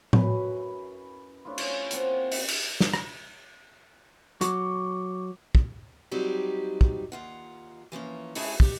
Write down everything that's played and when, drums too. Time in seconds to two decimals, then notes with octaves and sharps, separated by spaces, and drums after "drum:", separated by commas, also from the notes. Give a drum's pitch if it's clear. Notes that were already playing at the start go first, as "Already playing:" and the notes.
0.13 F#2 E4 B4 G#5, drum: tom A2
1.45 A3 D4 E4 F4
1.58 C#4, drum: cymbal
1.91 A#3 C4 F#5, drum: hi-hat
2.32 drum: open hi-hat
2.48 drum: cymbal
2.80 drum: snare
2.93 drum: rim click
4.41 F#3 C#6 D6, drum: hi-hat
5.55 drum: kick
6.11 F#3 G3 C4 D#4 G4
6.81 drum: kick
7.12 D#2 F4 F#5
7.92 E3 F3 A#3 C#4
8.35 G#2 C#4 E4 G#4 G#5 A5, drum: open hi-hat
8.60 G4, drum: kick